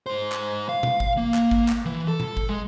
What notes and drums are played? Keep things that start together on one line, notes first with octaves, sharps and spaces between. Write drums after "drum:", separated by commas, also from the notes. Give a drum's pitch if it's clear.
G#2 C5
drum: clap
F5
drum: tom A#2
drum: kick G#1
A#3
drum: clap
drum: kick G#1
drum: clap
E3
A4
drum: tom A#2
drum: kick G#1
G#3